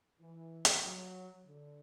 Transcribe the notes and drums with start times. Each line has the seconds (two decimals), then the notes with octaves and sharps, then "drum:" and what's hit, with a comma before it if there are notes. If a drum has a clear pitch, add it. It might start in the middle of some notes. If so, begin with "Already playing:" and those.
0.20 E3
0.65 drum: hi-hat
0.84 F#3
1.46 D3